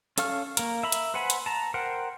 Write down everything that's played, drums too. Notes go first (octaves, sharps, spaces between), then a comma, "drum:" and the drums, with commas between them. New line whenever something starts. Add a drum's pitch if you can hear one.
C#4 A4 F5 C#6 F6, drum: hi-hat
A#3 A#4, drum: hi-hat
E5 A#5 B5
drum: hi-hat
B4 C5 F#5 G#5 B5
drum: hi-hat
A5 A#5
A#4 C5 F#5 G5